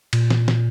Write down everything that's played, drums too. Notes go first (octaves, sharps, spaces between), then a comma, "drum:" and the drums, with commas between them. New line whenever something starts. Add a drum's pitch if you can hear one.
A#2, drum: cymbal
drum: snare
drum: snare